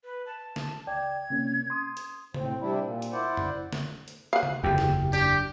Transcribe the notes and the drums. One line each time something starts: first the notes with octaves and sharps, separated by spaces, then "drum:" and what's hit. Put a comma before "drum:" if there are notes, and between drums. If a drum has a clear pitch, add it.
B4
A5
drum: snare
C#2 D5 G5 G#6
C3 A#3 C#4
C6 D#6
drum: hi-hat
A2 C4, drum: tom C3
C3 G3 D4 E4
A#2
drum: hi-hat
E4 C5 D5 F#5
drum: tom F2
drum: snare
drum: hi-hat
F5 F#5
drum: tom C3
F#1 E2 G4 G5
drum: snare
D4 G4, drum: hi-hat